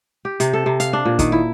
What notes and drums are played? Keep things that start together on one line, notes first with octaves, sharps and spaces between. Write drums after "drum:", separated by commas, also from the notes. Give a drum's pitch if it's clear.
G4
C3, drum: hi-hat
A4
C3
F5, drum: hi-hat
D4
A#2
D#3, drum: kick, hi-hat
E4